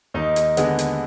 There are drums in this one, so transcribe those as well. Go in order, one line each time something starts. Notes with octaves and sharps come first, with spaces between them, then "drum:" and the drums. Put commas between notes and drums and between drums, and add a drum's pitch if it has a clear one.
D#2 D#4 D#5
drum: hi-hat
D3 G#3 B3, drum: hi-hat
drum: hi-hat